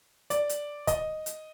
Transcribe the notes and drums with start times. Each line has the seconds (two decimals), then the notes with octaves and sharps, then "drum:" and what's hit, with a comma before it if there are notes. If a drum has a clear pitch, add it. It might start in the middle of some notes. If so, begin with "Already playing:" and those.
0.30 D5, drum: hi-hat
0.49 drum: hi-hat
0.87 D#5, drum: kick, hi-hat
1.26 drum: hi-hat